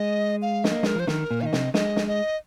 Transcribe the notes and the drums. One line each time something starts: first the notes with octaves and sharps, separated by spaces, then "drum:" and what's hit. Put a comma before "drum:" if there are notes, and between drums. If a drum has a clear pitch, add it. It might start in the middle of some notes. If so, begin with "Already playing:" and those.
Already playing: G#3 D#5
F5
D#5, drum: snare
A#3
G#3 A#4, drum: snare
F3 C5
D#3 A#4, drum: snare
A#2
D#3 D#5 F5
C3, drum: snare
G#3 D#5, drum: snare
drum: snare
D#5